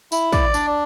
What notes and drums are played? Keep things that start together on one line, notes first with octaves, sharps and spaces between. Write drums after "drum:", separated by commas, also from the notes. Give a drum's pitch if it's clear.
E4, drum: tambourine
D5, drum: kick, tambourine
D4, drum: tambourine